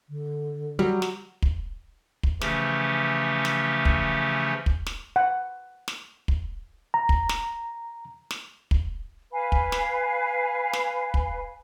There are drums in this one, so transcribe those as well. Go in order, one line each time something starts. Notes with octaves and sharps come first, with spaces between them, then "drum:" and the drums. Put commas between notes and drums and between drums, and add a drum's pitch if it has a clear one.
D3
F#3 G3
drum: snare
drum: kick
drum: kick
C#3 E3 F3 A3 C#4 G4, drum: snare
drum: snare
drum: kick
drum: kick
drum: snare
F#5
drum: snare
drum: kick
A#5
drum: kick
drum: snare
drum: snare
drum: kick
B4 F5 G#5 B5
drum: kick
drum: snare
drum: snare
drum: kick